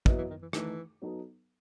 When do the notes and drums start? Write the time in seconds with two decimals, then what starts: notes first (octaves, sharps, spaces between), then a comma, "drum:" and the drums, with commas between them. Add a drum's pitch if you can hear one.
0.06 D#3 F#3 B3 E4 B4 D#5, drum: kick
0.18 E3
0.30 D#3
0.42 E3
0.53 D#3 E3 A3 D#4, drum: rim click
1.02 F#3 B3 D#4 A4